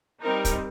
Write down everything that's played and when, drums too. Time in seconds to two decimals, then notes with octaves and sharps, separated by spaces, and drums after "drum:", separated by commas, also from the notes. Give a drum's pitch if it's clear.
0.22 G3 C4 D#4 A#4
0.45 drum: kick, hi-hat